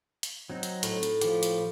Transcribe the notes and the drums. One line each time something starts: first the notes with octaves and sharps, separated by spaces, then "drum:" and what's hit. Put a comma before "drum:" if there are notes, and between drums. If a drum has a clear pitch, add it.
drum: hi-hat
F#3 C4 D#4
drum: hi-hat
A2, drum: hi-hat
drum: hi-hat
F3 G4, drum: hi-hat
drum: hi-hat